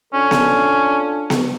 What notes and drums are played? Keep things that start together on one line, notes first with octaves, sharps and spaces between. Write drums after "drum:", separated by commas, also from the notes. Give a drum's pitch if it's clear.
C#4 D4 F4 A4
drum: snare B3
drum: snare B3